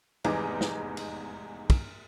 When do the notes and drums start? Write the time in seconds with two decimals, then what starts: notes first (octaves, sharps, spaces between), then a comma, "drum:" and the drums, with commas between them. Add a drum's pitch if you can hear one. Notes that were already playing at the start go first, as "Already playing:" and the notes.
0.24 F1 E2 G#2 E3 D#4 D6, drum: cymbal
0.61 drum: snare
0.97 drum: cymbal
1.70 drum: kick, cymbal